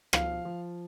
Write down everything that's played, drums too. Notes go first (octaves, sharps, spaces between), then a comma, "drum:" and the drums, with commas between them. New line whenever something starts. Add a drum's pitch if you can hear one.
F3 F5, drum: rim click
F3